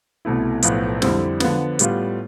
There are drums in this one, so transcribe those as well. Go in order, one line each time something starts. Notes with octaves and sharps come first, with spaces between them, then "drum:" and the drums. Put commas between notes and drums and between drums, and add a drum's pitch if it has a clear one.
C2 B2 A3 E4
B1 A2 F3 B3, drum: hi-hat
F2 D3 G3 C4 E4, drum: snare
D3 F3 B3, drum: snare
A2 G3 B3 F4, drum: hi-hat